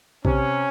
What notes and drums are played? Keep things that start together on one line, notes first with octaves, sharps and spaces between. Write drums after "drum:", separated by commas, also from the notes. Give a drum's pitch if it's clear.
C3 C#4, drum: kick A#1